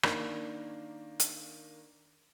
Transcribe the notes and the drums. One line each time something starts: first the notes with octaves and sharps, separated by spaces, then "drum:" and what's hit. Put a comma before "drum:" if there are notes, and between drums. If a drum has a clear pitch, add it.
D#3 A#3 D4, drum: rim click
drum: hi-hat